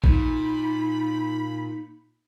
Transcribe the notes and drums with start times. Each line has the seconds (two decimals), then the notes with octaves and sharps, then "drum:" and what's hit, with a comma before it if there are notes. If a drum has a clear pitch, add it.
0.04 A#2 D#4 B5, drum: kick G#1